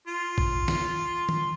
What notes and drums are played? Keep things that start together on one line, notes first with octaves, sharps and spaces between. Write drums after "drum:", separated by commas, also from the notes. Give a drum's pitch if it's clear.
F4
drum: kick A1
drum: snare
drum: tom D#3